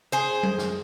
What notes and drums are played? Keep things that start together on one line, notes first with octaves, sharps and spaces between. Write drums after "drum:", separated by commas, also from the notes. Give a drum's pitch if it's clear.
G#4 C5
drum: tom F#3
drum: snare